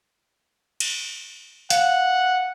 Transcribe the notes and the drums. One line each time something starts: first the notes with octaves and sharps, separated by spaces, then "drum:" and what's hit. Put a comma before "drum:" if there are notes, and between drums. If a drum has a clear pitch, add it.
drum: cymbal
F5 F#5, drum: hi-hat